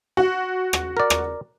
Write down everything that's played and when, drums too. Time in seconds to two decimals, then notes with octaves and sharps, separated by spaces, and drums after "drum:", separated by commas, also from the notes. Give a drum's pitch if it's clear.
0.17 F#4
0.73 drum: rim click
0.97 A#4 D5
1.10 drum: rim click